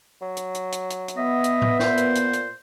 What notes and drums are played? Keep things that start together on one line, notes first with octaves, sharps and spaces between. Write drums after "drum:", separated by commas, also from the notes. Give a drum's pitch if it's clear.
F#3
drum: hi-hat
drum: hi-hat
drum: hi-hat
drum: hi-hat
drum: hi-hat
B3 D#5 E5
drum: hi-hat
drum: tom A2
A#2 C5, drum: snare
drum: hi-hat
drum: hi-hat
drum: hi-hat